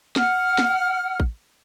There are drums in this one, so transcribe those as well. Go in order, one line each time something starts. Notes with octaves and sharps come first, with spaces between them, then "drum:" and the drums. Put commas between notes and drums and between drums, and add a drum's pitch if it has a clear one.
F#5 F6, drum: snare
drum: snare
drum: kick A1